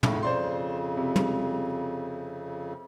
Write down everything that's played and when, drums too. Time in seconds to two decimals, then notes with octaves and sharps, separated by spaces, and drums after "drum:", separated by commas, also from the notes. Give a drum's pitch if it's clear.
0.03 F2 A2 C#3, drum: tom
0.23 C5 D5 C6
0.97 C3
1.16 drum: tom